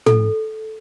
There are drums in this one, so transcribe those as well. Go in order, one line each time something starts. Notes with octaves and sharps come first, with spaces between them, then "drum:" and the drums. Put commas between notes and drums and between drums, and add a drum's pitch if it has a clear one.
A4, drum: tom